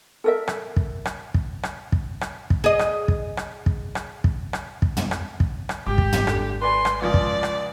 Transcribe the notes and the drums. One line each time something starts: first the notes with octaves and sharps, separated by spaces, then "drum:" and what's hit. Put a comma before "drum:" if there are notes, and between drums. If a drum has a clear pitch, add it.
A4 A#4 E5
drum: rim click
drum: kick
drum: rim click
drum: kick
drum: rim click
drum: kick
drum: rim click
drum: kick
G#4 D#5
drum: rim click
drum: kick
drum: rim click
drum: kick
drum: rim click
drum: kick
drum: rim click
drum: kick
drum: tom
drum: rim click
drum: kick
drum: rim click
G#1 G4 D6
drum: kick
drum: tom
D3, drum: rim click
B4 D5 G#5 C6
drum: rim click
C#2 F3 D5 D#6
drum: kick
drum: rim click